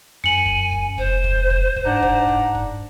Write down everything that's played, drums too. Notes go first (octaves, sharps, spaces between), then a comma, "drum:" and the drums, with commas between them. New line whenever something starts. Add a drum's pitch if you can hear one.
F#2 G#5 C#7 F#7
drum: kick
drum: kick
F1 C5, drum: kick
drum: kick
drum: kick
drum: kick
G#2 D4 F#5 A#5
drum: kick
drum: kick
drum: kick